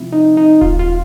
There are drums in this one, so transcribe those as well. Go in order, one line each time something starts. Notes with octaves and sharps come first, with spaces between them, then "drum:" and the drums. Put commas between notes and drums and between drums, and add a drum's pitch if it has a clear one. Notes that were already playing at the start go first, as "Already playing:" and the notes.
Already playing: C3 F3 C4 E4
D#4
D#4
F4, drum: kick D#1
F4